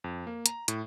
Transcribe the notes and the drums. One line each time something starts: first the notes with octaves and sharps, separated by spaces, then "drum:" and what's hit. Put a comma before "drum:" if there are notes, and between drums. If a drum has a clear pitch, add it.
F2
A#3
A#5, drum: hi-hat
A2, drum: hi-hat